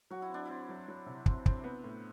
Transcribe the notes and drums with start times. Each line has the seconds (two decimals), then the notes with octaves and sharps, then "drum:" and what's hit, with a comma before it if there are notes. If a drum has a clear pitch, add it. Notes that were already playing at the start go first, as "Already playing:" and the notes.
0.11 F#3 F#4
0.22 E4
0.30 C4 D4
0.45 C4 E4
0.69 F#3
0.88 F#3
1.06 C3
1.26 C4, drum: kick
1.46 C4, drum: kick
1.64 B3
1.84 A2